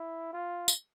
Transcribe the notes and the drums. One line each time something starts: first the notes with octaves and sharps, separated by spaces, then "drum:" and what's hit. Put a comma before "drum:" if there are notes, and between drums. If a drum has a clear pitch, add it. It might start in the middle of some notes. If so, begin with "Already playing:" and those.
Already playing: E4
F4
drum: tambourine